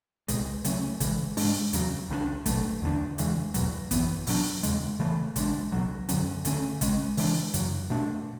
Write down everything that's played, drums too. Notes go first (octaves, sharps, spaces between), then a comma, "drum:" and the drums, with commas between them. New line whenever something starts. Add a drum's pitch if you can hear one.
C#2 B2 G#3, drum: hi-hat
C#3 F#3 A3 C#4, drum: hi-hat
C#3 E3 G#3, drum: kick, hi-hat
G#2 G#3 D4, drum: open hi-hat
E2 C#3 F#3, drum: hi-hat
C#2 C#3 G#3 D4
B2 F#3 A3, drum: kick, hi-hat
E2 D3 A3 D4
E2 C#3 E3 G#3, drum: hi-hat
E2 B2 F#3, drum: hi-hat
F#2 E3 B3, drum: kick, hi-hat
B2 F#3 B3 D4, drum: open hi-hat
E2 C#3 G#3, drum: hi-hat
C#3 E3 A3
C#3 G#3 B3 D4, drum: kick, hi-hat
C#2 B2 F#3
F#2 D3 F#3 C#4, drum: hi-hat
D2 D3 A3 C#4, drum: hi-hat
C#3 G#3 C#4, drum: kick, hi-hat
C#3 E3 G#3 D4, drum: open hi-hat
F#2 C#3 F#3, drum: hi-hat
B2 A3 D4